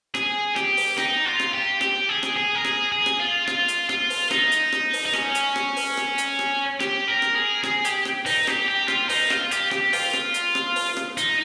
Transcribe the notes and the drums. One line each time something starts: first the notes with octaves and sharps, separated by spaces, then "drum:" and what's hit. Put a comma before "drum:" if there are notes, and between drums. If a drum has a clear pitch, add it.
G#4, drum: rim click
G4, drum: rim click
drum: open hi-hat
D#4, drum: rim click
F4
drum: rim click
G4
G4, drum: rim click
G#4
drum: rim click
G#4
A#4
G#4, drum: rim click
G#4
drum: rim click
F4
F4, drum: rim click
drum: hi-hat
F4, drum: rim click
drum: open hi-hat
D#4, drum: rim click
drum: hi-hat
drum: rim click
drum: open hi-hat
D#4
C#4, drum: rim click
drum: hi-hat
drum: rim click
drum: open hi-hat
drum: rim click
drum: hi-hat
drum: rim click
G4, drum: rim click
A#4
drum: rim click
G#4
G#4, drum: rim click
G4, drum: hi-hat
drum: rim click
D#4, drum: open hi-hat
G4, drum: rim click
G4
F4, drum: rim click
D#4, drum: open hi-hat
F4, drum: rim click
G4, drum: hi-hat
G4, drum: rim click
F4, drum: open hi-hat
drum: rim click
drum: hi-hat
drum: rim click
drum: open hi-hat
drum: rim click
D#4, drum: hi-hat